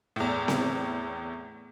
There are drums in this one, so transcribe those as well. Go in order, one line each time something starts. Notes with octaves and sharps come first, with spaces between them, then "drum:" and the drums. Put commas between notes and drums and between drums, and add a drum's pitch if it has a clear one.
E2 A2
drum: snare C4